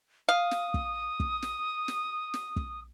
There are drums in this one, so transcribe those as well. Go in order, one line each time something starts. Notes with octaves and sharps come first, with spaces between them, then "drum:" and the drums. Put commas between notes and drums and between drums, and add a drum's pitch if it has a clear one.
F5 D#6
drum: snare
drum: kick
drum: kick
drum: snare
drum: snare
drum: snare
drum: kick